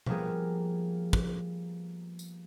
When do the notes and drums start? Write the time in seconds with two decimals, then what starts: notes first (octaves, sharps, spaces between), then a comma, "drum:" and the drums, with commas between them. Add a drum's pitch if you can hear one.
0.06 F3 G3 A#3 B3 G#4, drum: tom B2
1.13 drum: kick
2.19 drum: tambourine